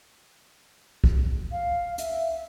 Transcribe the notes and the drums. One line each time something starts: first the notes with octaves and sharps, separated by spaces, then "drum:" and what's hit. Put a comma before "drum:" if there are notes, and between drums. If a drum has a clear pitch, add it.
drum: kick
F5
E5, drum: hi-hat